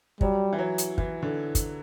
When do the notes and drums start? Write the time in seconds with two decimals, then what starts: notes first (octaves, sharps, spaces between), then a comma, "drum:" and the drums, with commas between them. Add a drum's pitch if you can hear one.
0.21 F#3 G3, drum: kick
0.53 E3
0.59 F#3
0.78 drum: hi-hat
0.98 E3, drum: kick
1.23 D3
1.55 drum: kick, hi-hat